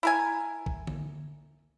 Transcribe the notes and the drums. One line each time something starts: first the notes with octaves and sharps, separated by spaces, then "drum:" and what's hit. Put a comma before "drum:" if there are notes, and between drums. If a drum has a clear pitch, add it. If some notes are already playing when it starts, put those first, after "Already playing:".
E4 A#4 G#5
drum: kick
drum: tom D3